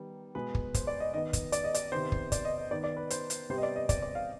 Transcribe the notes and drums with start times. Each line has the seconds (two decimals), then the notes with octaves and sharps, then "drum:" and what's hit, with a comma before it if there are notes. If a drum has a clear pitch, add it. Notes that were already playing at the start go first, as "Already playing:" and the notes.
Already playing: D#3 G3 B3
0.35 B2 G#3 B3 B4
0.55 drum: kick
0.74 C5, drum: kick, hi-hat
0.87 D5
1.00 D#5
1.14 D#3 B3 D#5
1.33 drum: kick, hi-hat
1.52 D5, drum: hi-hat
1.64 D#5
1.74 D5, drum: hi-hat
1.92 C3 D#3 B3 C5
2.12 drum: kick
2.32 D5, drum: kick, hi-hat
2.45 D#5
2.58 D#5
2.71 D#3 B3 D5
2.84 D5
2.97 B4
3.10 C5, drum: hi-hat
3.30 drum: hi-hat
3.50 C3 G3 B3 C5
3.58 D#5
3.63 D5
3.76 D#5
3.89 D5, drum: kick, hi-hat
4.02 D5
4.15 F5